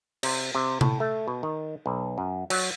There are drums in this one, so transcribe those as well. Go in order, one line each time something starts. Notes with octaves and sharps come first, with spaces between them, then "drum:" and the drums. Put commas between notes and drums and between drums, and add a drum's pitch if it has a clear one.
C3, drum: cymbal
C3
A2, drum: tom C3
A3
B2
D#3
B1
F#2
F#3, drum: cymbal